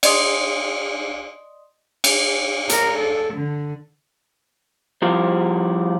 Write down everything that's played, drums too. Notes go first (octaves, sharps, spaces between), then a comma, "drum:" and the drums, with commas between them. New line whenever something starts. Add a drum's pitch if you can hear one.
D5 D#5 C6 D#6, drum: cymbal
drum: cymbal
A#4, drum: hi-hat
A4
D3
F3 G3 E4 F4 G4 C5